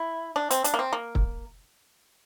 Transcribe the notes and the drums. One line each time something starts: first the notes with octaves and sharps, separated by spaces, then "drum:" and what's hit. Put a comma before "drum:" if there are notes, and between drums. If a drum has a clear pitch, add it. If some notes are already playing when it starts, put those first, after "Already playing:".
Already playing: E4
D4
C4, drum: hi-hat
D4, drum: hi-hat
A#3
C4
A#3
drum: kick